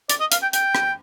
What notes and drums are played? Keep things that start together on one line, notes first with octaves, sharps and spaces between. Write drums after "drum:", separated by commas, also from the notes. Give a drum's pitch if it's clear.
D5, drum: hi-hat
D#5
F5, drum: hi-hat
G5
G5, drum: hi-hat
drum: rim click